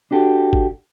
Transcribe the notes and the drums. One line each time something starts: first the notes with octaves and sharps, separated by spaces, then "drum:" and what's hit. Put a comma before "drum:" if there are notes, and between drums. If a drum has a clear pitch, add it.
D4 F#4 G4 A4
drum: kick